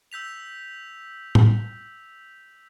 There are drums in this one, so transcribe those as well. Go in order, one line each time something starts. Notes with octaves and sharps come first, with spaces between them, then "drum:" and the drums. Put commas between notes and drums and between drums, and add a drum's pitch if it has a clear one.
E6 G6 B6 F7
drum: tom